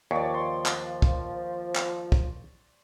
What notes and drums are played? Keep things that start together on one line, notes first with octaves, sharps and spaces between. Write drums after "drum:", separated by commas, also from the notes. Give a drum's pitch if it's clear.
D#2 F3 C#5 D5
C6
drum: clap
drum: kick
drum: clap
drum: kick